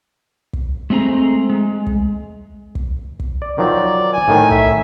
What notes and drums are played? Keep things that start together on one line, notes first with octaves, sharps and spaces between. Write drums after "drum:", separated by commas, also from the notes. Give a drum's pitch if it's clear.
drum: kick
G#3 A3 C4 G#4 A#5
G#3
drum: kick
drum: kick
drum: kick
D5
D#3 F3 F#3 D5
G#5
A2 D#3
E5, drum: kick